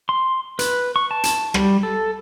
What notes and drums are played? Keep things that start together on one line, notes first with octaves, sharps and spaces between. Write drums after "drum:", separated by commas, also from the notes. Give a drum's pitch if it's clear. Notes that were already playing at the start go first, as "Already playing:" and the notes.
C6
B4, drum: hi-hat
C#6
A5
drum: hi-hat
G3, drum: rim click
A4